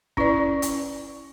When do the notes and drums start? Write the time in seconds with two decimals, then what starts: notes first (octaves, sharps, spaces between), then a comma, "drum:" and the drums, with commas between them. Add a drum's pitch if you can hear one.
0.17 C#4 E4 B4 D5, drum: kick
0.62 drum: hi-hat